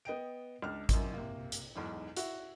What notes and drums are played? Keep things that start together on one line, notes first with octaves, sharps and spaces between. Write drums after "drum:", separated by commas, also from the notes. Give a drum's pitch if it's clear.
B3 D#5 G5 D7
C#2 D4 F6
A1 F#2, drum: kick G#1, hi-hat
C3 A#3
drum: hi-hat
B1 E2 G#2
E4 F#4 F#5, drum: hi-hat